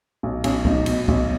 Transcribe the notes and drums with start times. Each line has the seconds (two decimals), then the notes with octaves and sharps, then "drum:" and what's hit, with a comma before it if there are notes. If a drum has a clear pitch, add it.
0.23 B1
0.44 B1 C#4, drum: cymbal
0.65 B1 D#4, drum: kick
0.86 B2, drum: cymbal
1.08 B1, drum: kick